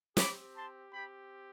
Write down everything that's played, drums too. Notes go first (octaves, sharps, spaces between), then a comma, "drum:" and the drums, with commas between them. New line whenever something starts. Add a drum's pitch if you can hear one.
C4 G4 B5 D6, drum: snare
A5 C6
C4 G4 G5 B5